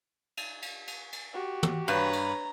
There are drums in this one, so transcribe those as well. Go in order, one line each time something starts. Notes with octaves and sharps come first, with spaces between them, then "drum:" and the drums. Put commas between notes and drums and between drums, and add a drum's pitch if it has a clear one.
drum: cymbal
drum: cymbal
drum: cymbal
drum: cymbal
F#4 G4
drum: tom
G2 B4 C#5 A#5, drum: cymbal
drum: cymbal